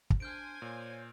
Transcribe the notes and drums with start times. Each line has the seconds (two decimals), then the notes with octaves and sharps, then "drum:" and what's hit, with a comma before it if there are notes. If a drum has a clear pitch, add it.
0.10 drum: kick
0.20 D4 C5 G#5 F6 G6 D7
0.62 A#2 C#5